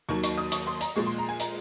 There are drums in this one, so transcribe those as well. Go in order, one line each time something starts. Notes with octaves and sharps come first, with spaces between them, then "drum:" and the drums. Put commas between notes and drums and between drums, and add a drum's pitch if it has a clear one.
D#2 D#3 F#3 C#6
C#6, drum: hi-hat
D#6
C#6, drum: hi-hat
C6
A#5, drum: hi-hat
A#2 F3 G#3 C#6
C6
A#5
G#5
A#5, drum: hi-hat